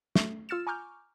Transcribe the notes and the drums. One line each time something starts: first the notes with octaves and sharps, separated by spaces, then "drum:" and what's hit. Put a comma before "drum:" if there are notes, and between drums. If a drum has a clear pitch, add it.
A3, drum: snare
F4 E6 F6 A6 C#7 E7
G#5 A#5 C#6 D6 F6 G6